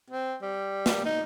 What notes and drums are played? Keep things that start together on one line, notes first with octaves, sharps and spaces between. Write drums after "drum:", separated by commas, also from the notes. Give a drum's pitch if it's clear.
C4
G3
drum: snare
D#4